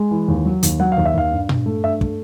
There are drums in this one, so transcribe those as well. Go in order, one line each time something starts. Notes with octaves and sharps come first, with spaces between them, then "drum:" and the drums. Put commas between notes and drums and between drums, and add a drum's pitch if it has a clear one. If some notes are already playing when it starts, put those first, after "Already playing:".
Already playing: G#3
E3
D#2
F#3
D#2, drum: hi-hat
F#3 F#5
F5
D#2
E5
D#2 F5
G2
G2, drum: tom A#2
A3
G2 E5
A3, drum: kick